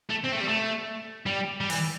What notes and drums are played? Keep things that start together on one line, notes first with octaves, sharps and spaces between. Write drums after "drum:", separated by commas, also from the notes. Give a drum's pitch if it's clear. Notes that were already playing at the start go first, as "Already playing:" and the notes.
A3
C4
A3
G3
A3
G3
G3
E3, drum: open hi-hat